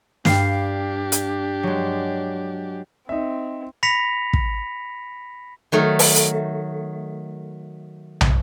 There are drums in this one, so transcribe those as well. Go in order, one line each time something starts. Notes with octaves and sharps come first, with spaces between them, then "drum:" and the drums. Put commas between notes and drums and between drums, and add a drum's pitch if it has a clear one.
G2 D4 G4 F5 C7, drum: snare
drum: hi-hat
F#3 G#3
C4 D#4 E5
B5 A#6 B6 C#7 F7
drum: kick
D#3 F#3 A3
drum: open hi-hat
drum: hi-hat
drum: tom